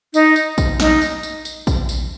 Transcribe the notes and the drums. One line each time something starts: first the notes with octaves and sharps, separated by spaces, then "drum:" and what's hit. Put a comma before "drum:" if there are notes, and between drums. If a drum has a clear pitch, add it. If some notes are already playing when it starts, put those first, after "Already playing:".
D#4, drum: tambourine
drum: tambourine
drum: kick A#1, tambourine
D#4, drum: snare
drum: tambourine
drum: tambourine
drum: tambourine
drum: kick A#1, tambourine
drum: tambourine